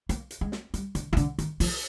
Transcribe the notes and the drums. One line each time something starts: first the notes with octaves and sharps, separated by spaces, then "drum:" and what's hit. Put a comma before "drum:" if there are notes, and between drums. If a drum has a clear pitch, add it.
A#3, drum: hi-hat
drum: hi-hat
G#3
drum: snare
G3, drum: hi-hat
D3, drum: hi-hat
D#3
D3, drum: hi-hat
D#3, drum: hi-hat
F3, drum: open hi-hat